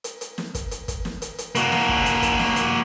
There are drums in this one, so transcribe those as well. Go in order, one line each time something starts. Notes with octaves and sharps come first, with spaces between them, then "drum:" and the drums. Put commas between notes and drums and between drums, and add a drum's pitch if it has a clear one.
drum: hi-hat
drum: hi-hat
drum: snare
drum: kick, hi-hat
drum: hi-hat
drum: kick, hi-hat
drum: snare
drum: hi-hat
drum: hi-hat
A#3 F#4, drum: hi-hat
drum: snare
drum: kick
drum: hi-hat
drum: kick, hi-hat
drum: snare
drum: hi-hat